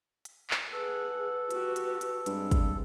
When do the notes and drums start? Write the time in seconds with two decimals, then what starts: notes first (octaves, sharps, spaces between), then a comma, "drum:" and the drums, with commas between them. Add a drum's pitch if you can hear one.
0.25 drum: hi-hat
0.50 drum: clap
0.72 G#4 A4 B4 F#5
1.51 F#4 G4, drum: hi-hat
1.76 drum: hi-hat
2.01 drum: hi-hat
2.26 G2 G#3 C4, drum: hi-hat
2.51 drum: kick, hi-hat